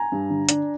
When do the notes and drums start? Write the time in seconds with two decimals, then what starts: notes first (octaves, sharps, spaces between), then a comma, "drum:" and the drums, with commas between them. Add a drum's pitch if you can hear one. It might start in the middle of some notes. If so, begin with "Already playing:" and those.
Already playing: G#5 A#5
0.12 G2
0.30 D3
0.49 D4, drum: hi-hat